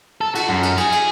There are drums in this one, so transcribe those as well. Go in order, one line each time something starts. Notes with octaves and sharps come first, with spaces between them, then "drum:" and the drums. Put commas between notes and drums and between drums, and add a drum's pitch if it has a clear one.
A4
F#4, drum: cymbal
F#2
drum: cymbal
G#4, drum: cymbal
drum: cymbal